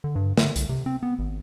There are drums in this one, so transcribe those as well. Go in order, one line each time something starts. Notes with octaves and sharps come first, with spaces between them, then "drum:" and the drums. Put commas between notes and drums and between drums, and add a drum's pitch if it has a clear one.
D3
G2
D3, drum: snare
C2, drum: hi-hat
C3
C4
B3
G#1